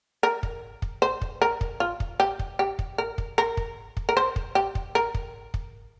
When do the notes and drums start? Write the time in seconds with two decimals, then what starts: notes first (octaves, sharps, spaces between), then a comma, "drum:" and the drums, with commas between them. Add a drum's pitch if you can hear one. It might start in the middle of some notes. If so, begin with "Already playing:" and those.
0.23 A#4
0.43 drum: kick
0.82 drum: kick
1.02 C5
1.22 drum: kick
1.42 A#4
1.61 drum: kick
1.80 F4
2.00 drum: kick
2.20 G4
2.39 drum: kick
2.59 G4
2.79 drum: kick
2.98 A#4
3.18 drum: kick
3.38 A#4
3.57 drum: kick
3.97 drum: kick
4.09 A#4
4.17 C5
4.36 drum: kick
4.55 G4
4.75 drum: kick
4.95 A#4
5.15 drum: kick
5.54 drum: kick